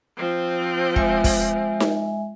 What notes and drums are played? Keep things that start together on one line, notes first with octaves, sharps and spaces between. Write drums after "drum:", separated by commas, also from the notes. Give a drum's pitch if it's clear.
F3 C4
G#3 E5 G#5, drum: kick
drum: kick, open hi-hat
drum: snare D#4